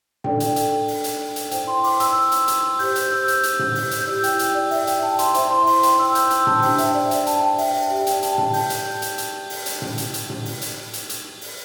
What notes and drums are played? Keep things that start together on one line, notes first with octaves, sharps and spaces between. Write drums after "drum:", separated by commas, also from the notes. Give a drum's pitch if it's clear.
D4 A4 D5 G5, drum: tom A2
drum: hi-hat
drum: hi-hat
drum: open hi-hat
drum: hi-hat
drum: hi-hat
E4 C5 G5, drum: hi-hat
C6
D6, drum: open hi-hat
E6, drum: hi-hat
drum: hi-hat
drum: hi-hat
G4 C5 G6, drum: open hi-hat
G6, drum: hi-hat
E6
G6, drum: hi-hat
drum: hi-hat
drum: tom A2
drum: open hi-hat
drum: hi-hat
G6
E4 G4 D5 E6
G5, drum: hi-hat
drum: hi-hat
D5
E5, drum: open hi-hat
G5, drum: hi-hat
A5
C6, drum: hi-hat
E4 C5 E5, drum: hi-hat
C6
C6, drum: open hi-hat
G5, drum: hi-hat
E6
G6, drum: hi-hat
E6, drum: hi-hat
A5, drum: tom A2
D4 G4 C5 G5, drum: open hi-hat
E5, drum: hi-hat
D5
E5, drum: hi-hat
A5, drum: hi-hat
G5
E5, drum: open hi-hat
E5
G4 D5 E5
G5, drum: hi-hat
A5, drum: hi-hat
A5, drum: tom A2
G6, drum: open hi-hat
drum: hi-hat
drum: hi-hat
drum: hi-hat
drum: open hi-hat
drum: hi-hat
drum: tom A2
drum: hi-hat
drum: hi-hat
drum: tom A2
drum: open hi-hat
drum: hi-hat
drum: hi-hat
drum: hi-hat
drum: open hi-hat